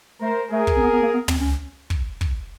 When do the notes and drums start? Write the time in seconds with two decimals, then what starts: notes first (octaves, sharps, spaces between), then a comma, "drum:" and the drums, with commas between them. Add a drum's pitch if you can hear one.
0.21 A3 A#4 C5
0.51 A3 G#4 A#4
0.67 drum: kick
0.77 C4
0.82 B3
0.93 B3
1.03 A#3
1.14 B3
1.28 C4, drum: tom
1.40 C#4
1.90 drum: kick
2.21 drum: kick